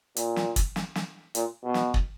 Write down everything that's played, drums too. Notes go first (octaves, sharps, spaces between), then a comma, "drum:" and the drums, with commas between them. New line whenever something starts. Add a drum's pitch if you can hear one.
A#2, drum: hi-hat
drum: snare
drum: kick, hi-hat
drum: snare
drum: snare
A#2, drum: hi-hat
B2
drum: snare
drum: kick